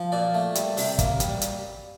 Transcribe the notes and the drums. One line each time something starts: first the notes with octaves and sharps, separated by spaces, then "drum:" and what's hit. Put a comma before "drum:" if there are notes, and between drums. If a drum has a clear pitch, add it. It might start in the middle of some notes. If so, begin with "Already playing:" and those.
Already playing: F3
A#2 D5
A3
G3, drum: hi-hat
C3, drum: open hi-hat
A#3, drum: kick, hi-hat
G3, drum: hi-hat
drum: hi-hat